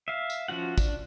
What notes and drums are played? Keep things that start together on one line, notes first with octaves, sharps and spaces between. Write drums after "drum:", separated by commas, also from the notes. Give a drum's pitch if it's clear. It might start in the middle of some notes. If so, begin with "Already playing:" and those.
E5 F5
drum: tambourine
F3 C#4 F#4 F#5
D4, drum: kick, tambourine